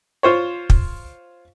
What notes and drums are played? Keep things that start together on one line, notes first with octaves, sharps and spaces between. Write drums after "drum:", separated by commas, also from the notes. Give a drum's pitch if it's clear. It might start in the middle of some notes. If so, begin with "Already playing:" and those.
F4 C5 C#5
drum: kick